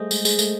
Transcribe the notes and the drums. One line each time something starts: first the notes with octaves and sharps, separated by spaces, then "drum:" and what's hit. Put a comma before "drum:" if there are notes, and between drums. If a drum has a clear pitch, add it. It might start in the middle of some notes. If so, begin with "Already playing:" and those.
Already playing: G3 A3 G#4 C5 D#5
G#3, drum: tambourine
G#3, drum: tambourine
A3, drum: tambourine